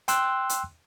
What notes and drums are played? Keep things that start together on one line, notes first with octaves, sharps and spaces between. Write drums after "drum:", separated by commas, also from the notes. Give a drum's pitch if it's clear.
G5 C6 E6 F#6, drum: hi-hat
drum: hi-hat